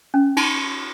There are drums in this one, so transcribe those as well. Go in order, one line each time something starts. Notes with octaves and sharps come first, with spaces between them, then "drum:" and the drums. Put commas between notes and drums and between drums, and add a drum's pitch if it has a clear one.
C#4
D#4, drum: cymbal